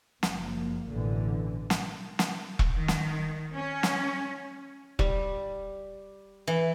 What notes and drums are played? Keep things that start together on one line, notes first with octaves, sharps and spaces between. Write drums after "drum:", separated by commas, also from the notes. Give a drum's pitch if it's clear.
F#1 F3 A#3, drum: snare
A1 B2 D3 E3
drum: snare
drum: snare
drum: kick E1
D#3
drum: snare
C#4
drum: snare
G3, drum: kick E1
E3